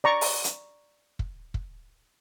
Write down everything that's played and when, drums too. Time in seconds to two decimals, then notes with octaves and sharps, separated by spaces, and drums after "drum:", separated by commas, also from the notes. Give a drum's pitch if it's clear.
0.04 D5 A#5 C#6
0.21 drum: open hi-hat
0.44 drum: hi-hat
1.19 drum: kick
1.54 drum: kick